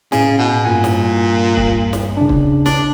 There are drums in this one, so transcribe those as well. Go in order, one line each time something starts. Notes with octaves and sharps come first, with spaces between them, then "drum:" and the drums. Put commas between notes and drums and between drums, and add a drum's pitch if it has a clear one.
A2 C#3 G#5, drum: snare
B2
G2 A#2 G#5
drum: snare
drum: kick
drum: snare
C#3 D4
drum: kick
D4, drum: snare